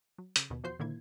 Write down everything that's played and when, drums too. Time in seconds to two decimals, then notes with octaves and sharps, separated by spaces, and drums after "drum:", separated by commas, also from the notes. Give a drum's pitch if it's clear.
0.18 F#3
0.36 C#3, drum: hi-hat
0.50 D#2 B2
0.64 E2 F3 F#4 C5 G6 C7
0.79 A#2 D3 D#3 A#3 E4 G#6